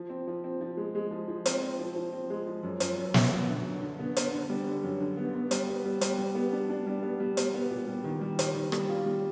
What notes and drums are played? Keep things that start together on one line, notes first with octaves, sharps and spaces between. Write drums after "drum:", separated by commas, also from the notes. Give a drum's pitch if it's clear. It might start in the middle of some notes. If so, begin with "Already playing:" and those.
Already playing: F3
C4
F3
C4
F3
G#3
G#3
F3
F3
C4, drum: hi-hat
C4
F3
F3
C4
G#3
F3
F#2
F#2, drum: hi-hat
F#2
F#2, drum: snare
B3
D3
F#2
D3
B3
B3, drum: hi-hat
D3
G3
D3
F#2
D3
B3
B3
G3, drum: hi-hat
B3
G3
G3, drum: hi-hat
G3
B3
D4
D4
G3
B3
G3
G3, drum: hi-hat
B3
A#2
G3
D#3
G3
D#3, drum: hi-hat
D#3
G3, drum: rim click
F4
G3